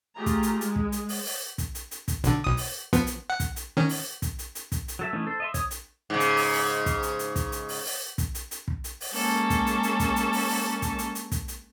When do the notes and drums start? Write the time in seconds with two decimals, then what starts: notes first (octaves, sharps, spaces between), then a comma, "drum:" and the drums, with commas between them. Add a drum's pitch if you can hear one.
0.16 A3 F4 G4 G#4 A#5
0.26 drum: kick, hi-hat
0.43 drum: hi-hat
0.61 G#3, drum: hi-hat
0.76 drum: kick
0.92 drum: hi-hat
1.09 drum: open hi-hat
1.25 drum: open hi-hat
1.58 drum: kick, hi-hat
1.75 drum: hi-hat
1.91 drum: hi-hat
2.08 drum: kick, hi-hat
2.24 B1 D3, drum: hi-hat
2.44 B1 D#6
2.57 drum: open hi-hat
2.93 F3 B3, drum: kick, hi-hat
3.07 drum: hi-hat
3.30 F#5
3.40 drum: kick, hi-hat
3.56 drum: hi-hat
3.77 D#3 C#4
3.89 drum: open hi-hat
4.22 drum: kick, hi-hat
4.39 drum: hi-hat
4.55 drum: hi-hat
4.72 drum: kick, hi-hat
4.88 drum: hi-hat
4.99 F#3 A4 E5
5.13 E3 A3 C#4 D#4
5.27 A4 C5
5.40 D#5 E5 C6
5.54 C#5 D#6, drum: kick, hi-hat
5.71 drum: hi-hat
6.10 G#2 C#3
6.20 drum: hi-hat
6.37 drum: open hi-hat
6.53 drum: open hi-hat
6.86 drum: kick, hi-hat
7.03 drum: hi-hat
7.19 drum: hi-hat
7.36 drum: kick, hi-hat
7.52 drum: hi-hat
7.69 drum: open hi-hat
7.85 drum: open hi-hat
8.18 drum: kick, hi-hat
8.35 drum: hi-hat
8.51 drum: hi-hat
8.68 drum: kick
8.84 drum: hi-hat
9.01 drum: open hi-hat
9.14 G#3 A#3 C#4 A4, drum: open hi-hat
9.50 drum: kick, hi-hat
9.67 drum: hi-hat
9.83 drum: hi-hat
10.00 drum: kick, hi-hat
10.16 drum: hi-hat
10.33 drum: open hi-hat
10.49 drum: open hi-hat
10.82 drum: kick, hi-hat
10.99 drum: hi-hat
11.15 drum: hi-hat
11.32 drum: kick, hi-hat
11.48 drum: hi-hat